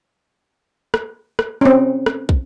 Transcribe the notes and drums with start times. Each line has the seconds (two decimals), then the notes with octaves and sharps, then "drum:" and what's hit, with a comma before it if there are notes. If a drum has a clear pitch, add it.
0.94 drum: rim click
1.39 drum: rim click
1.61 C4 C#4
2.06 drum: rim click
2.29 drum: kick